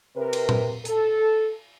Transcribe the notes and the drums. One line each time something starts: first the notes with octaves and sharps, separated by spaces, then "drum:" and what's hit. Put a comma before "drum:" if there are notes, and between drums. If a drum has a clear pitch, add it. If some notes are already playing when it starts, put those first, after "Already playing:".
C3 A#4 B4
drum: cymbal
drum: tom A#2
A4, drum: hi-hat